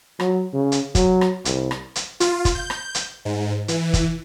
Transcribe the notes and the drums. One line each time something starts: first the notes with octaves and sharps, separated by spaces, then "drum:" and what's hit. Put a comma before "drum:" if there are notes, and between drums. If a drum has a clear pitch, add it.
F#3, drum: rim click
C#3
drum: hi-hat
F#3, drum: kick, hi-hat
drum: rim click
C2, drum: hi-hat
drum: rim click
drum: hi-hat
F4, drum: hi-hat
drum: kick, hi-hat
G6
drum: rim click
drum: hi-hat
G#2
E3, drum: hi-hat
drum: kick, hi-hat